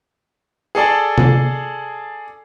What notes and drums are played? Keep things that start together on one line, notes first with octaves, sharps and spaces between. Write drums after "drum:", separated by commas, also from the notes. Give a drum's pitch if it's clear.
G#4 A4 D5 A5
drum: tom C3